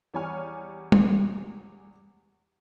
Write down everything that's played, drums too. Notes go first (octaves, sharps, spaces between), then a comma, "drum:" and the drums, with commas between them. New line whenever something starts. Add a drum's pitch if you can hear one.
E2 G3 C#5 D5 G#5 F6
drum: tom G3